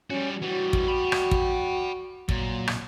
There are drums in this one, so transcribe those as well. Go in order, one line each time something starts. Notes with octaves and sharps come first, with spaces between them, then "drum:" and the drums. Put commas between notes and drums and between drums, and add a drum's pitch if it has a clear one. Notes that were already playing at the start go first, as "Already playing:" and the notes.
G3 C#4 F#4
E3 G3 F#4
drum: kick
G5 B5
drum: rim click
drum: kick
A#2 F#3, drum: kick
drum: rim click